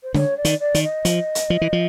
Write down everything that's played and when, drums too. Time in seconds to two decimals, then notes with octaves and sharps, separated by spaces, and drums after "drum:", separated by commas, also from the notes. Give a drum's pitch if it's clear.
0.03 C5
0.14 D3 C#5, drum: snare
0.37 D5
0.45 D#3, drum: hi-hat
0.60 D5
0.75 D#3, drum: hi-hat
0.83 D#5
1.05 F3, drum: hi-hat
1.35 drum: hi-hat
1.50 F3
1.61 E3
1.73 F3